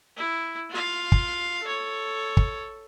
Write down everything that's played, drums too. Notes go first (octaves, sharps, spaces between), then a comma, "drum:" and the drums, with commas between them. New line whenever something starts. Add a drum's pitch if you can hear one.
E4
F4 F5
drum: kick
A4 C#5
drum: kick